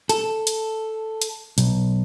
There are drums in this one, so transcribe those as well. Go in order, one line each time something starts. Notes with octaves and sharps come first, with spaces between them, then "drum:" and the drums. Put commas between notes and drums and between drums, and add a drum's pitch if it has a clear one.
A4, drum: hi-hat
drum: hi-hat
drum: hi-hat
B1, drum: hi-hat